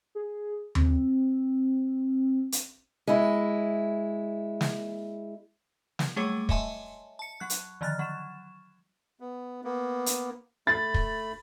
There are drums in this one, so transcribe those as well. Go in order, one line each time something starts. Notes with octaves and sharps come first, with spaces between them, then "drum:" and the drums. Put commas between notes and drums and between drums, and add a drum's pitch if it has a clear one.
G#4
C4, drum: tom D#2
drum: hi-hat
G#3 E4
drum: snare
drum: snare
F#3 G3 A3 G#4 C#5
C#5 D#5 E5 G#5 A5 C6, drum: kick
A5 C#7
F#3 F#6
drum: hi-hat
D3 D#3 F3 F6 F#6 A6
F#3 E7
B3
A#3 B3
drum: hi-hat
A3 B5 A6
drum: kick